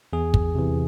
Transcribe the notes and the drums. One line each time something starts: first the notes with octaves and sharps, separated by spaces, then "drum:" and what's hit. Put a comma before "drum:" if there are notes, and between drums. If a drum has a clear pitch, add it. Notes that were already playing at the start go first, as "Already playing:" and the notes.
E2 G#4
drum: kick
C3 E3